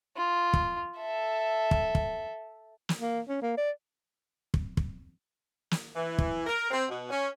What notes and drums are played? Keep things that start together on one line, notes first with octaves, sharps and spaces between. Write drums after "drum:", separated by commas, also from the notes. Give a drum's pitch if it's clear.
F4
drum: kick
A4 E5
drum: kick
drum: kick
drum: snare
A#3
C#4
A#3
D5
drum: kick
drum: kick
drum: snare
E3
drum: kick
A#4
C4
B2
C#4